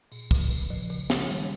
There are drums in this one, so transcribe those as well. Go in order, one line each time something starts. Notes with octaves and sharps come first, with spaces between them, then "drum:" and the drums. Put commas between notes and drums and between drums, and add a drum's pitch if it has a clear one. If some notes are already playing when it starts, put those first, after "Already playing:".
A#2, drum: tambourine
C#3, drum: kick, tambourine
C#3, drum: tambourine
C#3 F3, drum: tambourine
C#3 F3, drum: tambourine
C#3 F3, drum: snare
D#3 G3, drum: tambourine